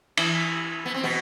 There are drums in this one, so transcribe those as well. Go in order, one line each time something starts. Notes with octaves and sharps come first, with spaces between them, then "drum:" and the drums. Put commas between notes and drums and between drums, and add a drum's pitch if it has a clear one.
E3 E4, drum: cymbal
B3
C4
B2 B3